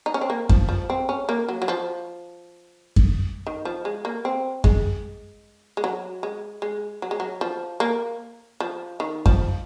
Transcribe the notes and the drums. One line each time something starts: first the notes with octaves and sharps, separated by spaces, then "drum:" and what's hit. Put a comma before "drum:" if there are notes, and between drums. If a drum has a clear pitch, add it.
D#4
C#4
C4
A#3
F3, drum: kick F#2
F3
C4
C#4
A#3
F#3
F#3
F3
drum: kick F#2
D#3
F3
G#3
A#3
C4
G#3, drum: kick F#2
G#3
F#3
G#3
G#3
F#3
G#3
F#3
F3
A#3
F3
D#3
F3, drum: kick F#2